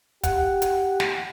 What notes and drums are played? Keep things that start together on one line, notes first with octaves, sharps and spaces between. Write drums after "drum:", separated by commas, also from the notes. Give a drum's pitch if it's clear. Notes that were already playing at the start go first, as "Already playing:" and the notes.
G4 F#5, drum: kick, hi-hat
drum: hi-hat
drum: snare